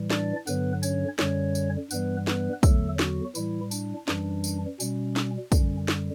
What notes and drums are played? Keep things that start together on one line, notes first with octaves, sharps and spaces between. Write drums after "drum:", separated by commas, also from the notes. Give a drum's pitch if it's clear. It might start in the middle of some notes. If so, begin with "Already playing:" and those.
Already playing: A2 E3 G3
D4 D5, drum: snare
G2 D3 F#3 B3 B4, drum: tambourine
C#4 C#5, drum: tambourine
F#2 D3 G3 C#4 C#5, drum: snare
drum: tambourine
G2 E3 G3 B3 B4, drum: tambourine
B3 B4, drum: snare
E2 D3 F#3 A3 A4, drum: kick, tambourine
F#3 F#4, drum: snare
A2 E3 G3 E4, drum: tambourine
D4, drum: tambourine
F#2 E3 G3 D4, drum: snare
drum: tambourine
B2 G3 C#4, drum: tambourine
drum: snare
F#2 D3 G3 C#4, drum: kick, tambourine
drum: snare